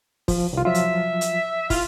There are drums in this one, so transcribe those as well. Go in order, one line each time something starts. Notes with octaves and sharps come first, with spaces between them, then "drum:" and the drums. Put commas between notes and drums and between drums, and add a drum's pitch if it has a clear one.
F3, drum: kick, open hi-hat
C2 F4
F3 F#3 F4 E5
drum: hi-hat
drum: hi-hat
E4 F4, drum: kick, open hi-hat